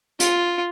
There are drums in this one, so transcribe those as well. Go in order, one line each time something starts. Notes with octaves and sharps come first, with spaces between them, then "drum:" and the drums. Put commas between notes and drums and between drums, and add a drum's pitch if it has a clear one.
F4, drum: hi-hat